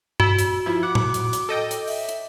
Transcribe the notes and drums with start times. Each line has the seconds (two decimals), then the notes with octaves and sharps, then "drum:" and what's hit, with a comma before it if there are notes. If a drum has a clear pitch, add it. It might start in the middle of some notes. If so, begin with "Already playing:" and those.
0.20 F#4 B5 E6, drum: tom G2
0.39 drum: hi-hat
0.66 F3 E4
0.83 F#5 D6
0.95 drum: tom A2
1.14 drum: hi-hat
1.33 drum: hi-hat
1.49 A4 D#5 G5
1.71 drum: hi-hat
1.87 E5, drum: open hi-hat
2.09 drum: hi-hat